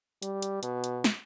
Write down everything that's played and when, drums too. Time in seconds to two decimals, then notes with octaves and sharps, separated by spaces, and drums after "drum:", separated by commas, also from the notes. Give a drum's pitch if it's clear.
0.22 G3, drum: hi-hat
0.42 drum: hi-hat
0.63 B2, drum: hi-hat
0.84 drum: hi-hat
1.04 drum: snare